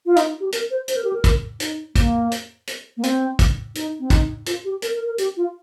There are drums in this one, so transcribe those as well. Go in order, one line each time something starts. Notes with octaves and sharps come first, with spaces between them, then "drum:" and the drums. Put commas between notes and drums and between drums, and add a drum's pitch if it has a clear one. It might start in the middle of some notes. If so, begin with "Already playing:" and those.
F4
D#4, drum: hi-hat
G4
A#4, drum: hi-hat
C5
C5, drum: hi-hat
A#4
G4
A#4
drum: kick, hi-hat
D#4, drum: hi-hat
A#3, drum: kick, hi-hat
drum: hi-hat
drum: hi-hat
A#3
C4, drum: hi-hat
drum: kick, hi-hat
D#4, drum: hi-hat
C4
D#4, drum: kick, hi-hat
F4, drum: hi-hat
G4
A#4, drum: hi-hat
A#4
A#4
G4, drum: hi-hat
F4